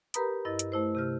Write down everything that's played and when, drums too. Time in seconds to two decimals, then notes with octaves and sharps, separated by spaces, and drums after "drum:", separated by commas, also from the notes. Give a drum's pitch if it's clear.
0.14 G4 A#4 B4 A#5 B5 D#6, drum: hi-hat
0.45 G2 E4 D#5 A6
0.59 drum: hi-hat
0.72 A3 E4 C5
0.95 C3 G4 F6